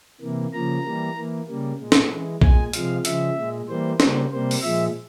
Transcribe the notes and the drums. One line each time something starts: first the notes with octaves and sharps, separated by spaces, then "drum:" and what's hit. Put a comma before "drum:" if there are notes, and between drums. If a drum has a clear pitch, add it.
C3 E3 A#3
C#3 F3 A#3 A#5
E3 G3 A#3
E3 A#3
C#3 G3 A#3
A#2 G#3
drum: snare
E3 G#3
A#2 G#3 G#5, drum: kick
C3 F3 G#3 F5, drum: hi-hat
C#3 F3 G#3 E5, drum: hi-hat
A#2 G#3
E3 G3 A#3 C5
C#3 G3 A#3 C5, drum: snare
C3 G3 A#3 C5
drum: open hi-hat
A#2 F3 G#3 E5